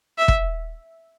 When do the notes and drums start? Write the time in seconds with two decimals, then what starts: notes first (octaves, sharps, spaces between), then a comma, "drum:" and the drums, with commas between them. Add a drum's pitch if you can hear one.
0.18 E5
0.28 drum: kick